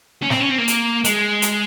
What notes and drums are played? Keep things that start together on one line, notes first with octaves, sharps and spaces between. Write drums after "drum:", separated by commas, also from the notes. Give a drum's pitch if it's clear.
C#4
C4, drum: snare
C#4
C4
A#3
drum: hi-hat
G#3, drum: hi-hat
drum: hi-hat